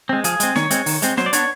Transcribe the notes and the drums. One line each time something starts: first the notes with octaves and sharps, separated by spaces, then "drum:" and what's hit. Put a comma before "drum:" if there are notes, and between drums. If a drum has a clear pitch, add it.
G#3 C4
F3 G#4, drum: hi-hat
G#3 C4, drum: hi-hat
D#3 C#5, drum: snare
G#3 C4, drum: hi-hat
D#3, drum: open hi-hat
G#3 C4, drum: hi-hat
F#3 C5, drum: snare
D5
B3 D4 C#5, drum: hi-hat